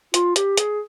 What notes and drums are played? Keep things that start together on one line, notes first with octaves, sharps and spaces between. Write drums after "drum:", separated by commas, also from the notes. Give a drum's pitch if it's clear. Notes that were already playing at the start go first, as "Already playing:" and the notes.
F4, drum: hi-hat
G4, drum: hi-hat
G#4, drum: hi-hat